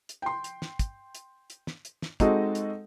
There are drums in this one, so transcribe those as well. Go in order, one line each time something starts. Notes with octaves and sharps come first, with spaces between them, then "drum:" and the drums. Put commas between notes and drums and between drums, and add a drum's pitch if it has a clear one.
drum: hi-hat
G5 C6
drum: hi-hat
drum: snare
drum: kick, hi-hat
drum: hi-hat
drum: hi-hat
drum: snare
drum: hi-hat
drum: snare
G#3 C4 D#4 F#4 A4 D#5, drum: kick, hi-hat
drum: hi-hat